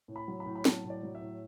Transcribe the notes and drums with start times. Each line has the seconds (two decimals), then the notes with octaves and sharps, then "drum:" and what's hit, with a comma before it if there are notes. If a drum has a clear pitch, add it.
0.08 A2
0.16 B5
0.28 F#3
0.40 B5
0.46 A2
0.56 B5
0.65 F#3 A5, drum: snare
0.84 A2
0.90 D5
1.03 F#3
1.15 E5
1.21 A2